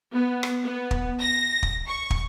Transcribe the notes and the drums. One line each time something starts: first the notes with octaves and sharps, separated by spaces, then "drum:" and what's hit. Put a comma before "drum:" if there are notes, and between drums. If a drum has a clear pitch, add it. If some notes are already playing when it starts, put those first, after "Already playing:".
B3
drum: rim click
B3
drum: kick
A#6
drum: kick
C#6
drum: kick